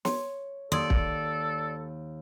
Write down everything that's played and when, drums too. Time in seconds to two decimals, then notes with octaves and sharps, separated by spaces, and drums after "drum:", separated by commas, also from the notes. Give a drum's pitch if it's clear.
0.05 C#5 C6, drum: snare
0.72 D#2 A4 D5 C6 D#6 G#6
0.90 drum: kick